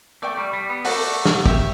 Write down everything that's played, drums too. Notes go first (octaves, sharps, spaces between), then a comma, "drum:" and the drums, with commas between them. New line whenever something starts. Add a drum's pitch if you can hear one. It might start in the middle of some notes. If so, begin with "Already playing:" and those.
A3 D5 G5 C#6
G3
G3
B3
A3 F#4 A4 D5, drum: open hi-hat
drum: snare
G4 C#5 E5 G5, drum: kick